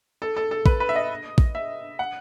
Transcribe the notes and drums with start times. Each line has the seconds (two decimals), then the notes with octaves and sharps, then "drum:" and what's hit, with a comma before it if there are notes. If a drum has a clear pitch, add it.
0.22 A4
0.37 A4
0.51 A4
0.66 B4, drum: kick
0.80 B4
0.89 E5
0.96 D#5
1.38 drum: kick
1.55 E5
1.99 F#5